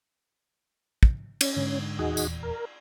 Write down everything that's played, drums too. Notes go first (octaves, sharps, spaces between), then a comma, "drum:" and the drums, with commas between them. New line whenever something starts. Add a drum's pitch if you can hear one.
drum: kick
C#4, drum: cymbal
G#2 D3
D#1 E2 D#4 F#4 G#4
drum: tambourine
A#4